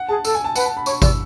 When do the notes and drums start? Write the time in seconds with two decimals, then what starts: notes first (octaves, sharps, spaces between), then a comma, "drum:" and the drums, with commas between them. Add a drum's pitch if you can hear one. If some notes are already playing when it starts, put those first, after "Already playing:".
Already playing: F#5
0.09 G#4 A5
0.25 A4 E6, drum: tambourine
0.34 G#5
0.44 A5
0.56 B4 F#5, drum: tambourine
0.65 A5
0.77 B5
0.86 C#5 C#6, drum: tambourine
1.02 D5 E6, drum: kick G#1, tambourine